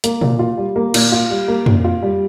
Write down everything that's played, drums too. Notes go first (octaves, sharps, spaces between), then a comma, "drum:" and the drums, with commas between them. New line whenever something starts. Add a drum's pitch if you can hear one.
A#3, drum: hi-hat
A#2, drum: tom A#2
F4
G3
A#3
A#2, drum: cymbal
F4
G3
A#3
A#2, drum: tom
F4
G3